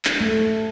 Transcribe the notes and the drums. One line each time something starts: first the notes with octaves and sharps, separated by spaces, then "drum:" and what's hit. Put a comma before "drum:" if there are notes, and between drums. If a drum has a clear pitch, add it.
drum: clap
A3